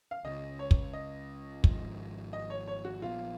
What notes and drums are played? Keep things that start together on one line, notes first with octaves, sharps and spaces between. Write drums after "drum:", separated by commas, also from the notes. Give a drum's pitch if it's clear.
F5
C#2 C#3 G#3 C#4 D#5
C#5
drum: kick
D#5
G#1 G#2 F3, drum: kick
D#5
C#5
C#5
F#4
A#1 A#2 F3 B3 F4